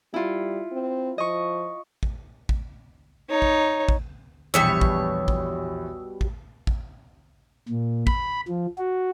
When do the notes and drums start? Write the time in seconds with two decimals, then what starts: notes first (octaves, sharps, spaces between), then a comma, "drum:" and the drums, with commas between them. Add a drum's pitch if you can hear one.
0.14 G3 E4 F4
0.72 C4
1.18 F3 D#5 C#6
2.03 drum: kick A1
2.49 drum: kick A1
3.29 D#4 C#5
3.42 drum: kick A1
3.89 drum: kick A1
4.54 A#1 E2 B2 E3 G3 C#5 D#6 E6
4.81 drum: kick A1
5.28 drum: kick A1
6.21 drum: kick A1
6.67 drum: kick A1
7.69 A#2
8.07 B5, drum: kick A1
8.48 F3
8.78 F#4